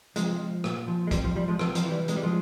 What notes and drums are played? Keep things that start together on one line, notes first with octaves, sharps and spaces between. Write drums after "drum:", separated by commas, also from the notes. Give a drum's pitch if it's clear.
C3 F3 G#3, drum: hi-hat
F3
A#2, drum: rim click
F3
G#3
C3 G3, drum: kick, hi-hat
F3
F3 G3
F3 G#3
C3 F3, drum: rim click
F3, drum: hi-hat
E3
G3
C3 G#3, drum: hi-hat
G3
F3 G#3